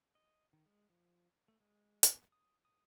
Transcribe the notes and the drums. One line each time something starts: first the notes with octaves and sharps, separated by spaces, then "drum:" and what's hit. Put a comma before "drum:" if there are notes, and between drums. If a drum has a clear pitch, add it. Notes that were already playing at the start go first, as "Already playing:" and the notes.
D#5
D#3
G#3
F3
A3
G#3
B3, drum: hi-hat
D#6
D#6